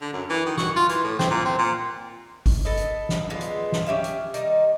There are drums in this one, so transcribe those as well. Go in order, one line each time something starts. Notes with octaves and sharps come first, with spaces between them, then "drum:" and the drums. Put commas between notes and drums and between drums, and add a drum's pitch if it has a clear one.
D3
F#2
E3
D#3
F#4, drum: snare
F4
E3, drum: hi-hat
A2
C4, drum: snare
A#2
C4
A#2
drum: kick G#1, open hi-hat
A4 B4 D#5
drum: hi-hat
drum: snare
D3 G#3 B3 F4
drum: hi-hat
drum: snare
C#4 G4 E5 F5
drum: hi-hat
D#3 G3 D#4, drum: hi-hat